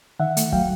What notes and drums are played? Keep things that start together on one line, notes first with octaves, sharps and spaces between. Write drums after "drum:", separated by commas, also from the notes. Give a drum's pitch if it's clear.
D#3 E5 F#5
A3, drum: hi-hat
F#3 F5 G5, drum: kick